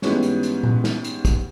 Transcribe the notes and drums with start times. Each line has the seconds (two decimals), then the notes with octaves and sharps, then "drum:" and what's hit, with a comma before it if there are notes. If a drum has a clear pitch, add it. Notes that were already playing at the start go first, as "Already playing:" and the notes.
0.02 G#2 E3 G3 G#3 B3 C#4, drum: snare
0.23 drum: hi-hat
0.43 drum: hi-hat
0.63 drum: tom A#2
0.84 drum: snare
1.04 drum: hi-hat
1.25 drum: kick, hi-hat